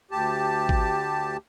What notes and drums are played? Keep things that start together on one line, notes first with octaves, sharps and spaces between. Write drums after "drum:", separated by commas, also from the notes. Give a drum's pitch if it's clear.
D2 G4 A5
drum: kick